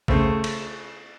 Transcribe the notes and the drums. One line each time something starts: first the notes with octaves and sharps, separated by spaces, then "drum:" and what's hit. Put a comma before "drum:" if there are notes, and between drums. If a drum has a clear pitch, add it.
C#3 A3 C4, drum: kick
drum: cymbal